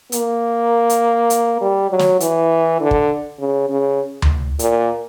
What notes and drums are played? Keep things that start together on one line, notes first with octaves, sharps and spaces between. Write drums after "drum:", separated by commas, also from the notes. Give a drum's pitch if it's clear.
A#3, drum: hi-hat
drum: hi-hat
drum: hi-hat
G3
F#3
drum: snare
E3, drum: hi-hat
D3
drum: kick
C#3
C#3
drum: tom D2
A#2, drum: hi-hat